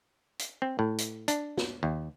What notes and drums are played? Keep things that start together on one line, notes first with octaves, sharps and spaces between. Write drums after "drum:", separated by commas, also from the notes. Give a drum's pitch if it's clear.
drum: hi-hat
C4
A2
drum: hi-hat
D4, drum: hi-hat
drum: snare
D#2